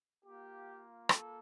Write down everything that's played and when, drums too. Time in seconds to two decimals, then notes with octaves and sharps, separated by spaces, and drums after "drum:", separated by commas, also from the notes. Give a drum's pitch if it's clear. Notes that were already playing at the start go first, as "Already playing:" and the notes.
0.24 A#3 F4 G4
1.09 A4, drum: rim click